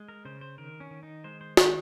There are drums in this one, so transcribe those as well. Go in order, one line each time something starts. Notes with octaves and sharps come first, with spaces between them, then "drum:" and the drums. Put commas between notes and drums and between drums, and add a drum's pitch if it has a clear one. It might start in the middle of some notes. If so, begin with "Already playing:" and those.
Already playing: G#3
A#4
C#3 C5
C5
D#3 A#4
C#4
D#3
D#4
G#3 C5
C5
D#3 C5, drum: snare